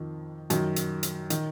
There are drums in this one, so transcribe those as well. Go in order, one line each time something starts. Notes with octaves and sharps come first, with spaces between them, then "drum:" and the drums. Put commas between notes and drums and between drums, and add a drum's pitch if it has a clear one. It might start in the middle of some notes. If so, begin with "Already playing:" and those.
Already playing: F2 D#3
F#2 D#3, drum: hi-hat
drum: hi-hat
drum: hi-hat
D#3, drum: hi-hat